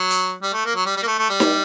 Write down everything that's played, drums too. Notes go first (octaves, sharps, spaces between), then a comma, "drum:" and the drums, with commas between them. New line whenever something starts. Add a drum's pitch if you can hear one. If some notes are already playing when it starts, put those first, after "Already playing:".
Already playing: F#3
drum: hi-hat
G3
A3
A#3
F#3
G3
G3
A#3
A3
A3
G3
drum: snare D#4